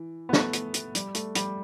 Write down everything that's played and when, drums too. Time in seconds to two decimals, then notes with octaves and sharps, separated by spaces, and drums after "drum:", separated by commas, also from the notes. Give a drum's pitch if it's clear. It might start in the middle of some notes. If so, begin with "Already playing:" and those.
Already playing: E3
0.29 B3
0.33 A3, drum: snare
0.53 drum: hi-hat
0.74 drum: hi-hat
0.95 G3, drum: hi-hat
1.15 A3, drum: hi-hat
1.35 G3, drum: hi-hat